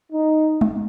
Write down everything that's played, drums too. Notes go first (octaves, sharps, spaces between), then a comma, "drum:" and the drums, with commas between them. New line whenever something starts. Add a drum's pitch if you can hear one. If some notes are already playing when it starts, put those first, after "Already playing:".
D#4
drum: tom G#3